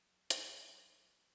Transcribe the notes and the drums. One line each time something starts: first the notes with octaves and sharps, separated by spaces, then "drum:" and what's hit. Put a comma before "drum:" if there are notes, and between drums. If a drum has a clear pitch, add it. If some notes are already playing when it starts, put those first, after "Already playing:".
Already playing: F#3
drum: hi-hat
F#3